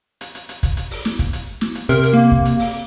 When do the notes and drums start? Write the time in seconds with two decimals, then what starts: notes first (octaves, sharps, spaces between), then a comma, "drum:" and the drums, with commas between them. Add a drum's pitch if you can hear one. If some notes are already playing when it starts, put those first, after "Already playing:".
0.21 drum: hi-hat
0.35 drum: hi-hat
0.49 drum: hi-hat
0.63 drum: kick, hi-hat
0.77 drum: hi-hat
0.91 drum: open hi-hat
1.05 drum: snare
1.19 drum: kick, hi-hat
1.33 drum: hi-hat
1.61 drum: snare
1.75 drum: hi-hat
1.89 C3 A#4, drum: hi-hat
2.03 drum: hi-hat
2.13 A#3
2.31 drum: kick
2.45 drum: hi-hat
2.59 drum: open hi-hat